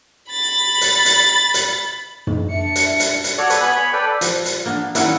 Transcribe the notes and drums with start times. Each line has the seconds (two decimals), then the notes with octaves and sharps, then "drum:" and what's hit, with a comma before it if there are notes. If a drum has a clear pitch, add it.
0.31 B5 A6
0.81 drum: hi-hat
1.06 drum: hi-hat
1.54 drum: hi-hat
2.27 drum: tom
2.50 D4 E5 C#7
2.76 drum: hi-hat
3.00 drum: hi-hat
3.24 drum: hi-hat
3.38 F#4 A4 C#5 D5
3.50 B4 C#5, drum: hi-hat
3.61 B3 G#5 B5
3.76 C#5 B5
3.93 A4 B4 D5 G5
4.21 F3, drum: hi-hat
4.45 drum: hi-hat
4.65 A#3 B3 D4
4.95 D#3 F#3 A#3 C#4 E4 F#5, drum: hi-hat